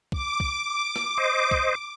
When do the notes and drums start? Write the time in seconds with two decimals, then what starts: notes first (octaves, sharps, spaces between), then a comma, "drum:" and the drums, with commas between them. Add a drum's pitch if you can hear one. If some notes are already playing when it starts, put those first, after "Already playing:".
0.12 D6, drum: kick
0.40 drum: kick
0.96 drum: rim click
1.18 C5 D#5
1.51 drum: kick